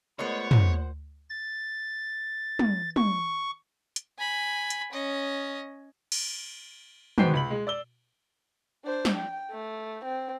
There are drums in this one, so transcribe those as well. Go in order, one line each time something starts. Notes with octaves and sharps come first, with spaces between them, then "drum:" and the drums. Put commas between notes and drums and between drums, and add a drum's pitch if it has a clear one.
G#3 A3 B3 F4 A#4 C5 C#5 F#5
drum: tom
A6
drum: tom
C#6, drum: tom
drum: hi-hat
G#5 B5
drum: hi-hat
C#4 D#5
drum: cymbal
G#2 B2 B3 C5 G5 C7, drum: tom
C#2 B5 F#7
G#3
D5 E6 G7
D4 C5
drum: snare
G5
A3
C4